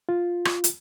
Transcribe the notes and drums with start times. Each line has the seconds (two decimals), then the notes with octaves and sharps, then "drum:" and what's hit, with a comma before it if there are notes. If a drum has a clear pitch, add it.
0.09 F4
0.45 drum: rim click
0.64 drum: hi-hat